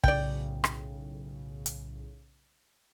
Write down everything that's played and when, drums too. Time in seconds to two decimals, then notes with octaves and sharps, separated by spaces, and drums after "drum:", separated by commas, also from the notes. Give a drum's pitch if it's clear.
0.04 B1 A2 C#3 D5 G5, drum: kick
0.64 drum: rim click
1.66 drum: hi-hat